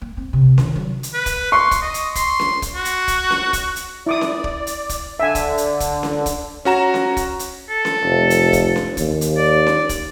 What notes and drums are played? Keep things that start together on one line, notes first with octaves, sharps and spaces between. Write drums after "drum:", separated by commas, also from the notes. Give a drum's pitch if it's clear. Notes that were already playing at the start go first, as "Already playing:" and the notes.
A#3
C4
C3
D#3, drum: snare C#4
F#3
drum: hi-hat
B4
drum: kick, hi-hat
C6 C#6
drum: kick, hi-hat
D#5
drum: hi-hat
C6, drum: kick, hi-hat
drum: snare C#4
drum: kick, hi-hat
F#4
drum: hi-hat
drum: kick, hi-hat
drum: snare C#4
drum: kick, hi-hat
drum: hi-hat
E4 D5 D6 D#6
drum: snare C#4
drum: kick
drum: hi-hat
drum: kick, hi-hat
D3 E5 G#5
drum: kick, hi-hat
drum: hi-hat
drum: kick, hi-hat
drum: snare C#4
drum: kick, hi-hat
C#4 F#4 A#5 E7
drum: snare C#4
drum: kick, hi-hat
drum: hi-hat
A4
drum: snare C#4
F1
drum: hi-hat
drum: kick, hi-hat
drum: snare C#4
D#2, drum: kick, hi-hat
drum: hi-hat
D5
drum: snare C#4
drum: kick, hi-hat